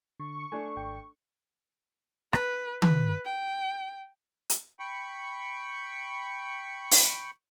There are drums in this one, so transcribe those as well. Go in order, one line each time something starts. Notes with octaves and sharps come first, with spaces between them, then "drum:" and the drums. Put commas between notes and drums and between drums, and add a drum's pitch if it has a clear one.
D3 C#6
A3 D4 G#5
G#1 G5
B4, drum: rim click
B4, drum: tom D#3
G5
drum: hi-hat
G5 B5 C#6
drum: open hi-hat